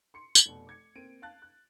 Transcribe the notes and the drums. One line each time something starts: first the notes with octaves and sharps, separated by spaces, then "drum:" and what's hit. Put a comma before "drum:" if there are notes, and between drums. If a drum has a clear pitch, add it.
C6 C#7
drum: tambourine
F1 B2
D6 G#6 C#7
A#3 C4 D7 D#7
F5 A5 F#6 A6
F#6